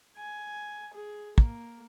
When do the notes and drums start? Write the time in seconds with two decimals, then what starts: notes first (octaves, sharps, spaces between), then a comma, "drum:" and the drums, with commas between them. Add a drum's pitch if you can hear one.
0.17 G#5
0.94 G#4
1.38 A#3, drum: kick